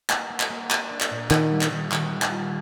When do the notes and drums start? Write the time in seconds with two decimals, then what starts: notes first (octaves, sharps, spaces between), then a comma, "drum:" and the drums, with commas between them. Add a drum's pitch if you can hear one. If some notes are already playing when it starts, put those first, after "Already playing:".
0.10 A#3, drum: clap
0.30 A#3
0.40 drum: clap
0.50 A#3
0.71 D4, drum: clap
0.90 D4
1.01 drum: clap
1.11 A#2
1.31 D#3 F4, drum: clap
1.51 G3
1.61 drum: clap
1.71 D#3
1.92 D#3, drum: clap
2.12 G3
2.22 drum: clap
2.32 F4